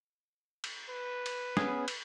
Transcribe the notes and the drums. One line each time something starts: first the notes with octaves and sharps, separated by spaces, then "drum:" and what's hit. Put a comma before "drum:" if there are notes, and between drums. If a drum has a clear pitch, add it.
drum: cymbal
B4
drum: cymbal
B3 C#4 G#4, drum: snare
drum: cymbal